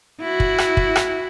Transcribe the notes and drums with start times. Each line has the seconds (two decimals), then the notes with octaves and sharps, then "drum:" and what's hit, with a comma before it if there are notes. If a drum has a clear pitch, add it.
0.21 E4 F#4
0.40 drum: kick
0.58 drum: rim click
0.77 drum: kick
0.96 drum: rim click